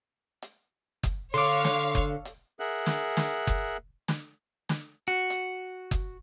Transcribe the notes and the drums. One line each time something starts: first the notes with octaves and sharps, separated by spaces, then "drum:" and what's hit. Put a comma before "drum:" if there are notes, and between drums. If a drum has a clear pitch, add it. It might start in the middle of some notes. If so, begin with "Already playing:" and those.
drum: hi-hat
drum: kick F#1, hi-hat
D3 C#5 F5 C6 D6
drum: snare
drum: kick F#1
drum: hi-hat
G#4 A#4 E5 F#5 F#6
drum: snare
drum: snare
drum: kick F#1, hi-hat
drum: snare
drum: snare
F#4
drum: hi-hat
drum: kick F#1, hi-hat